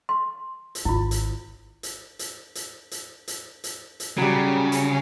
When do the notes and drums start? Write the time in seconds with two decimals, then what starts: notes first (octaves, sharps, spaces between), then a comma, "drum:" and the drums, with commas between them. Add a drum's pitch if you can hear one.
0.09 C6
0.75 drum: hi-hat
0.85 G#1 E4 F4
1.11 drum: hi-hat
1.83 drum: hi-hat
2.19 drum: hi-hat
2.55 drum: hi-hat
2.91 drum: hi-hat
3.28 drum: hi-hat
3.64 drum: hi-hat
4.00 drum: hi-hat
4.18 C#3 F#3 G3
4.72 drum: hi-hat